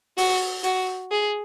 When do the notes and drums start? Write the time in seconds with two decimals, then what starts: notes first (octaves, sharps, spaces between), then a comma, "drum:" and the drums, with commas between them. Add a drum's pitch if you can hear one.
0.18 F#4, drum: open hi-hat
0.64 F#4, drum: hi-hat
1.11 G#4